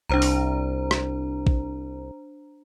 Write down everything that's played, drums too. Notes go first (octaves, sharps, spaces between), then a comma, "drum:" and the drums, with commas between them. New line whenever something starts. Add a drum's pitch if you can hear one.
C2 D4 C5 A#5
drum: open hi-hat
drum: rim click
drum: kick A#1